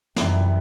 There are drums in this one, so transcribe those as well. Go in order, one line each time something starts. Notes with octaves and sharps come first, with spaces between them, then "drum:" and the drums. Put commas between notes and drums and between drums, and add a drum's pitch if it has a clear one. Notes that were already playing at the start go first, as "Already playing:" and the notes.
F#2 C3 E3 G3 B3, drum: snare